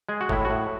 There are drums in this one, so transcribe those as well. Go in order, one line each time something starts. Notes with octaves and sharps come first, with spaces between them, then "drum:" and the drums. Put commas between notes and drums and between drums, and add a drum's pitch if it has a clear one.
G#3 G#4
F#4
A2 E4, drum: kick G1
F#4
A2